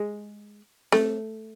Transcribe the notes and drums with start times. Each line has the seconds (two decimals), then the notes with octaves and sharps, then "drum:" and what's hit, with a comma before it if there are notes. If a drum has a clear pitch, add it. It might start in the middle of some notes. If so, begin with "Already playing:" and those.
Already playing: G#3
0.92 A3, drum: snare C4